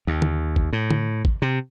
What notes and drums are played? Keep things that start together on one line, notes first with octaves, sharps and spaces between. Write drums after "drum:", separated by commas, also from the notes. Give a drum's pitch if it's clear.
D#2
drum: tom
drum: kick G#1
A2
drum: tom
drum: kick G#1
C3